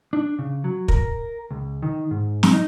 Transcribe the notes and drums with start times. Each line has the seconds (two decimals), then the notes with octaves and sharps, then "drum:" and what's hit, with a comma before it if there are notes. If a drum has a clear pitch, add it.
0.13 D4
0.39 C#3
0.64 F#3
0.88 A#4, drum: kick
1.51 C#2
1.82 D#3
2.11 G#2
2.43 drum: snare
2.53 D#4